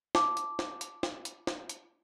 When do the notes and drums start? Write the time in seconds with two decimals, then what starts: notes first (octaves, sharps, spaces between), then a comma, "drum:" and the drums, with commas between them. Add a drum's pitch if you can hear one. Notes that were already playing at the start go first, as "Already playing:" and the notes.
0.15 A5 D6, drum: snare
0.37 drum: hi-hat
0.59 drum: snare
0.81 drum: hi-hat
1.03 drum: snare
1.25 drum: hi-hat
1.47 drum: snare
1.69 drum: hi-hat